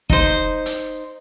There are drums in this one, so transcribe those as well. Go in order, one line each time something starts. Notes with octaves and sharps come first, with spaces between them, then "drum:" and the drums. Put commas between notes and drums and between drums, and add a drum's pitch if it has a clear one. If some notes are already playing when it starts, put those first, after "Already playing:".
D#4 C5, drum: kick
drum: hi-hat